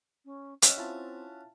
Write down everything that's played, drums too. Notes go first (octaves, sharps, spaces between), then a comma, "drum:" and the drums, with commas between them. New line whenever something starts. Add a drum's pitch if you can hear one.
C#4
C#4 F#4 D#5 E5, drum: hi-hat
C4 E4 F4 A5